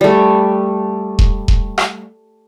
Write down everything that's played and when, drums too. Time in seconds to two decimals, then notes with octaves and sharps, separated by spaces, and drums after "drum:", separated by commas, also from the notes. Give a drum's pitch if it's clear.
0.01 G3 A3
1.19 drum: kick E1
1.48 drum: kick E1
1.78 drum: rim click